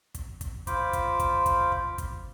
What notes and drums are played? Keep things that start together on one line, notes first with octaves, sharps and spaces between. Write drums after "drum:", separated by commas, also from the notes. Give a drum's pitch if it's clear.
drum: kick, hi-hat
drum: kick, hi-hat
F4 C5 B5 D6, drum: kick, hi-hat
drum: kick, hi-hat
drum: kick, hi-hat
drum: kick, hi-hat
drum: kick
drum: kick, hi-hat